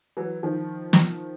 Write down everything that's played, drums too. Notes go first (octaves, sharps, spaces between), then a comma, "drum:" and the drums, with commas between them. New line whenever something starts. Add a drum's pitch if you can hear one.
E3 F#3
D#3 F3
drum: snare